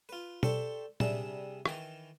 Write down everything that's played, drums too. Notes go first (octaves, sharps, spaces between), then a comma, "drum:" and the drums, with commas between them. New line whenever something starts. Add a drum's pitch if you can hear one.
F4 B4
G4 A4 C5 D5 C#6, drum: tom B2
C3 G3 D4 G#4 E5, drum: tom A#2
D#3 E3 D6, drum: rim click